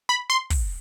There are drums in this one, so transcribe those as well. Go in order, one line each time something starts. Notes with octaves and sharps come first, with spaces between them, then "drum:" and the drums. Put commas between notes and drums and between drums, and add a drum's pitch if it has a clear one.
B5
C6
drum: kick, open hi-hat